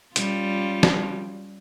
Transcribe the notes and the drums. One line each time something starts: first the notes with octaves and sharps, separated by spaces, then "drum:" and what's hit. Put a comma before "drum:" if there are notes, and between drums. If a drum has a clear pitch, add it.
G3 C#4 F4, drum: hi-hat
drum: snare